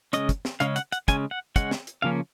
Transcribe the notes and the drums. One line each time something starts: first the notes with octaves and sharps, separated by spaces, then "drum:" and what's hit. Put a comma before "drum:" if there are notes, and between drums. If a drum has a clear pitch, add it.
C#3 G#3 C#4 D#5, drum: hi-hat
drum: kick, hi-hat
drum: snare
C#3 G#3 C#4 F5, drum: hi-hat
F#5, drum: hi-hat
F#5, drum: hi-hat
C#3 G#3 C#4 G#5, drum: kick, hi-hat
F#5
C#3 G#3 C#4 F#5, drum: kick, hi-hat
drum: snare
drum: hi-hat
C#3 F3 A#3 C#4 F5